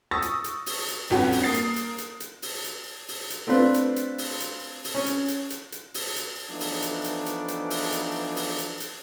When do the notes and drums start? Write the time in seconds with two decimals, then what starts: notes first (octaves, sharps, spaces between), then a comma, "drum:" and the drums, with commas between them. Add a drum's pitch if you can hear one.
0.11 C#6 D#6 E6 A6 A#6
0.22 drum: hi-hat
0.44 drum: hi-hat
0.66 drum: open hi-hat
0.88 drum: hi-hat
1.10 G1 F2 C#4 F#4 B4 F#5
1.32 drum: open hi-hat
1.43 A#3 D#6 A6 C7
1.54 drum: hi-hat
1.76 drum: hi-hat
1.98 drum: hi-hat
2.20 drum: hi-hat
2.42 drum: open hi-hat
2.64 drum: hi-hat
3.08 drum: open hi-hat
3.30 drum: hi-hat
3.47 A3 C4 D4 F4 B4
3.74 drum: hi-hat
3.96 drum: hi-hat
4.18 drum: open hi-hat
4.40 drum: hi-hat
4.84 drum: open hi-hat
4.95 C#4
5.06 drum: hi-hat
5.28 drum: hi-hat
5.50 drum: hi-hat
5.72 drum: hi-hat
5.94 drum: open hi-hat
6.16 drum: hi-hat
6.49 E3 F3 A3 B3 D4 D#4
6.60 drum: open hi-hat
6.82 drum: hi-hat
7.04 drum: hi-hat
7.26 drum: hi-hat
7.48 drum: hi-hat
7.70 drum: open hi-hat
7.92 drum: hi-hat
8.36 drum: open hi-hat
8.58 drum: hi-hat
8.80 drum: hi-hat